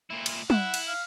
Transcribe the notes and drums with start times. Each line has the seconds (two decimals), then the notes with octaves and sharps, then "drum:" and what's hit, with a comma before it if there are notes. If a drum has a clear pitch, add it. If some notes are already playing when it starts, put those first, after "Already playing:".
0.10 A#2 E4
0.26 drum: cymbal
0.50 E4 F#5, drum: tom
0.74 drum: cymbal
0.88 F5